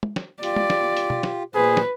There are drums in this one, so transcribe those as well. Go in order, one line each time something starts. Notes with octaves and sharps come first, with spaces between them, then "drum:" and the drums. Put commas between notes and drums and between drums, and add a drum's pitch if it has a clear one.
drum: tom
drum: snare
F4 G4 D5, drum: hi-hat
drum: tom
drum: snare
drum: hi-hat
drum: tom
drum: snare
A#2 G#4 B4 C5
drum: snare